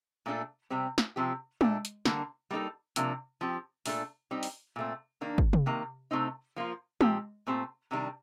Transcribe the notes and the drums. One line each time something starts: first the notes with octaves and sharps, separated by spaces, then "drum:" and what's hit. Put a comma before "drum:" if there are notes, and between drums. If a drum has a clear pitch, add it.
A#2 A3 D4 A4
C3 G3 C4
drum: snare
C3 F3 C4 G4
A#2 A3 D4, drum: tom G#3
drum: hi-hat
D3 G3 A#3 D4, drum: snare
G3 A#3 D#4 A4
C3 F3 A#3 D4, drum: hi-hat
F3 C4 G4
A#2 A3 D4 A4, drum: open hi-hat
G3 C4 D#4
drum: open hi-hat
A#2 A3 C4
D#3 A#3 D4
drum: kick
drum: tom C3
C3 D#3 A#3
C3 F3 A3 C4 D#4
F3 A#3 F4
A#2 F3 C4 G4, drum: tom G#3
A#2 A3 C4 G4
C3 D#3 G3 D4